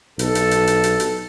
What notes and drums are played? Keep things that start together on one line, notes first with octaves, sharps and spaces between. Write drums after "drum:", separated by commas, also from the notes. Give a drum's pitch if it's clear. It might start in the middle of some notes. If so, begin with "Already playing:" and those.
B1 A4, drum: hi-hat
drum: hi-hat
drum: hi-hat
drum: hi-hat
drum: hi-hat
drum: hi-hat